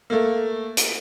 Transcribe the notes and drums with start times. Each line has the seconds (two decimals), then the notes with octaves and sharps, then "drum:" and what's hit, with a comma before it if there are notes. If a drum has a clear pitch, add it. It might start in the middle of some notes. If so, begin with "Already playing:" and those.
0.10 A3 A#3
0.77 drum: hi-hat